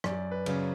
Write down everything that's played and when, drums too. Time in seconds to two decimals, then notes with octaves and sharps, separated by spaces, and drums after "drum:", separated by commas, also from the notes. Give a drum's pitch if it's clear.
0.04 F#2 D5, drum: rim click
0.31 B4
0.46 C#3 F#3 C#4, drum: cymbal